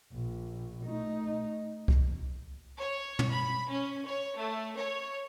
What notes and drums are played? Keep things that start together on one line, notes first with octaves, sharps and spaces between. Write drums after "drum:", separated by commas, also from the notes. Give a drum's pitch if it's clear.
A#1
A3 D#4
drum: kick C2
C#5
drum: tom
B5
C#4
C#5
A3
C#5